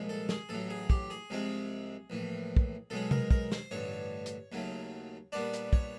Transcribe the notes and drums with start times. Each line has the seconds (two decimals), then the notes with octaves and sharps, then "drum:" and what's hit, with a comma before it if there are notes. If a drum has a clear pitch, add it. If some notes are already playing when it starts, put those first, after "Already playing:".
Already playing: C2 A#2 F3 G#3
0.09 A4
0.29 G#4, drum: snare
0.49 A1 A2 F#3 A4
0.70 G#4
0.90 G4, drum: kick
1.10 G#4
1.30 C2 C3 F3 G#3 C4
2.10 A#1 A2 E3
2.56 drum: kick
2.90 B1 B2 G#3 C#4 A4
3.11 A#4, drum: tom C3
3.31 A#4, drum: kick
3.52 C5, drum: snare
3.71 A1 G2 D3 C#5
4.26 drum: hi-hat
4.52 D#2 C#3 F#3 A3
5.32 A#2 G3 B3 D4 D5
5.54 drum: hi-hat
5.73 C#5, drum: kick